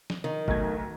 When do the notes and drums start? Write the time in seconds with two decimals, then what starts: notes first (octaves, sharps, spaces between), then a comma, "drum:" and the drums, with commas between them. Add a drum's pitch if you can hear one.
0.10 drum: snare
0.24 D#3
0.48 B1 A3 G#6, drum: kick